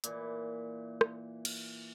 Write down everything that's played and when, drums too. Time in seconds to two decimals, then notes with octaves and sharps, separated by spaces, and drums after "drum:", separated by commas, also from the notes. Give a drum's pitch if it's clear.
0.04 A#2 E3, drum: hi-hat
1.01 drum: rim click
1.45 drum: cymbal